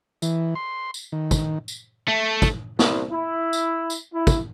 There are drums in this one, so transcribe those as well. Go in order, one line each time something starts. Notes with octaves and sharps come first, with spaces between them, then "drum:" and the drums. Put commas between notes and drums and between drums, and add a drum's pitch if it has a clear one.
E3, drum: tambourine
C6
drum: tambourine
D#3
drum: kick, tambourine
drum: tambourine
A3
drum: kick, tambourine
C2, drum: snare
E4
drum: tambourine
drum: tambourine
E4
drum: kick, tambourine